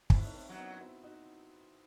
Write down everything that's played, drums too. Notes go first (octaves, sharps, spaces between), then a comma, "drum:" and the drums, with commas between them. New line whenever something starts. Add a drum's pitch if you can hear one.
C4 E4, drum: kick
A2
D#4
C4
F#2 F#3
B3 D#4
F#4
C4 E4
D#4 F#4